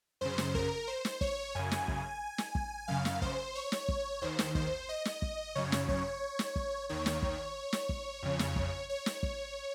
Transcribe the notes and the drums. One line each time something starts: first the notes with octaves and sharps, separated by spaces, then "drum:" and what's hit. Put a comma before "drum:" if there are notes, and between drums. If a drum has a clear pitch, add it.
F#2 C#3 C5
drum: snare
A#4, drum: kick
C5
drum: snare
C#5, drum: kick
F#2 C#3 G#5
drum: snare
drum: kick
drum: snare
drum: kick
F#2 C#3 F5
drum: snare
C5, drum: kick
C#5
drum: snare
drum: kick
D#2 D#3 C5
drum: snare
C5, drum: kick
D#5
drum: snare
drum: kick
F#2 C#3 C#5
drum: snare
C#5, drum: kick
drum: snare
drum: kick
D#2 D#3 C#5
drum: snare
drum: kick
drum: snare
drum: kick
F2 C#3
drum: snare
drum: kick
C#5
drum: snare
drum: kick